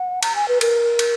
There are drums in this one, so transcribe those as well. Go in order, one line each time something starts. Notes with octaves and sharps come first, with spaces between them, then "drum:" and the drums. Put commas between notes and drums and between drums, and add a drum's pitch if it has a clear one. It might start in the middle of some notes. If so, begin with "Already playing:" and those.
Already playing: F#5
A#5, drum: cymbal
G#5
B4
A#4, drum: cymbal
drum: cymbal